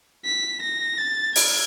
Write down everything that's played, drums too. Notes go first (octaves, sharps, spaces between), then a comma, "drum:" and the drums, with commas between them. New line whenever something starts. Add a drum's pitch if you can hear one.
B6
A#6
A6
G#6, drum: open hi-hat